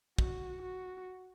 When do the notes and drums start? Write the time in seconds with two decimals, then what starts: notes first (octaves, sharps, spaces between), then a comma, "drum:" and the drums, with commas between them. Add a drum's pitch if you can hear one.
0.18 F#4, drum: kick
0.62 F#4